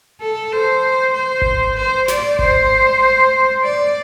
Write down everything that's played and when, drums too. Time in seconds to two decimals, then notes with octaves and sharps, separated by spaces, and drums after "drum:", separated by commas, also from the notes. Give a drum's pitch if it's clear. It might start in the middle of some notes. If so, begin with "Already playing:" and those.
0.21 A4
0.53 C5
1.14 C5
1.42 drum: kick G#1
1.76 C5
2.08 D5, drum: snare
2.39 C5, drum: kick G#1
3.64 D5